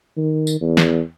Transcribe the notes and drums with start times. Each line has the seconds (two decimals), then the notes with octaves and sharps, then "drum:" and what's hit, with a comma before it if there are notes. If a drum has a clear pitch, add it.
0.17 D#3
0.47 drum: tambourine
0.61 E2
0.77 drum: snare